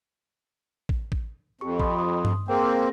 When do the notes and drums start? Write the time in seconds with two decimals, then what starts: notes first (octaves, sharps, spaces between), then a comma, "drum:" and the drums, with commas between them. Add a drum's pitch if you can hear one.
0.89 drum: kick
1.12 drum: kick
1.61 F2 G4 C#6
1.80 B5 C6 D#6, drum: kick
1.96 D#5 C6 D#6
2.25 drum: tom G2
2.48 A#3 C4 G#4 A#4 G5
2.74 A#6